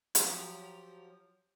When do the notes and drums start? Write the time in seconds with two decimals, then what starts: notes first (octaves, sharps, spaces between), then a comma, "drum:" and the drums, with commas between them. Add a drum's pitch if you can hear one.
0.15 F3 F#3 G4, drum: hi-hat